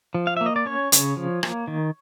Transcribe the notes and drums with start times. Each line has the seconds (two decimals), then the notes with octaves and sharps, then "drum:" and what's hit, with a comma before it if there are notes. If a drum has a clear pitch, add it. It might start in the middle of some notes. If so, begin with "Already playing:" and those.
0.14 F3
0.27 F5
0.37 A#3 E5
0.46 D#5
0.56 D5
0.66 C#4 C#5
0.92 C#3, drum: hi-hat
1.17 F3
1.43 A#3, drum: rim click
1.68 D#3